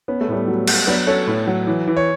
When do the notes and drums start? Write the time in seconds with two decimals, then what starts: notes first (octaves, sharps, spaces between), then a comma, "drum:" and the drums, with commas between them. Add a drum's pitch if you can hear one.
0.08 B3 C#4
0.21 A3
0.28 A2 G3 B3
0.48 F#3
0.67 F#4, drum: cymbal
0.87 F#3 B3 D4
1.07 C#4 A4 C#5
1.27 A2
1.47 F#3
1.67 E3
1.87 E3
1.97 C#5